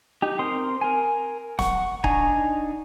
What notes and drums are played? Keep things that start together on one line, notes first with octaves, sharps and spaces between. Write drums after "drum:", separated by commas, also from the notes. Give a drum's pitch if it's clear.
D#4 G4
C4 A#4 C6 D#6
A#4 G#5
F#5 C#6, drum: snare
D4 D#4 G#5 A#5, drum: kick C#1